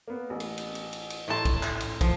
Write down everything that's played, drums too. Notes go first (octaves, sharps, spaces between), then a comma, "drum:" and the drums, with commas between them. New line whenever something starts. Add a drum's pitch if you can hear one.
A#3 B3
A1
drum: cymbal
drum: cymbal
drum: cymbal
drum: cymbal
drum: cymbal
A2 E5 A5 A#5 C6
drum: kick, cymbal
drum: clap
drum: cymbal
F3, drum: kick, cymbal